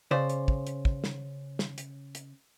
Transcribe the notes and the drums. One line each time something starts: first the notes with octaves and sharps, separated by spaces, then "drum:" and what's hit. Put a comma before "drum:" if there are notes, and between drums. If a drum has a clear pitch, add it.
C#3 C5 D5
drum: hi-hat
drum: kick
drum: hi-hat
drum: kick
drum: snare
drum: snare
drum: hi-hat
drum: hi-hat